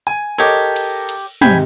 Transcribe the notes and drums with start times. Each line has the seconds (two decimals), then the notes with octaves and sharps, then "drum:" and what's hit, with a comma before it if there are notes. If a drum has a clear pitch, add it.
0.07 G#5
0.38 G4 A4 A#4 C#5 D#5
0.76 drum: cymbal
1.09 drum: cymbal
1.41 G#2 C3 G5 G#5 B5, drum: tom